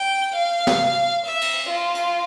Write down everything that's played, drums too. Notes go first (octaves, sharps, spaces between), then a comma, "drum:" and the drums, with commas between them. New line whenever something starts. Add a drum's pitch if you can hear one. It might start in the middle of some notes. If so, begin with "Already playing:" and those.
Already playing: G5
F5
drum: snare
E5
drum: cymbal
F4
drum: hi-hat